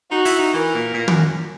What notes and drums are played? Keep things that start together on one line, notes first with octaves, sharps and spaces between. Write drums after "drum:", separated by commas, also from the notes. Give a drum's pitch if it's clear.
D#4 F#4
E4, drum: open hi-hat
D#4
E3 A#4
A#2
A#2
F#2, drum: tom